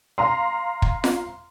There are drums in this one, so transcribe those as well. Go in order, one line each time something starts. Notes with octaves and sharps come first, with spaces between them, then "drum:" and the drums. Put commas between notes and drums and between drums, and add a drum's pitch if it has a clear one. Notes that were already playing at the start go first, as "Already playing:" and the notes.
F5 A#5 C6
drum: kick
drum: snare F4